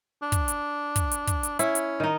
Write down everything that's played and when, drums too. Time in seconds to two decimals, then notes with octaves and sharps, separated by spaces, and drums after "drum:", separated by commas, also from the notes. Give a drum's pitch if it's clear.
0.22 D4
0.32 drum: kick, hi-hat
0.48 drum: hi-hat
0.96 drum: kick, hi-hat
1.11 drum: hi-hat
1.27 drum: kick, hi-hat
1.43 drum: hi-hat
1.59 C#4 E4, drum: hi-hat
1.75 drum: hi-hat
2.00 D#3 D#4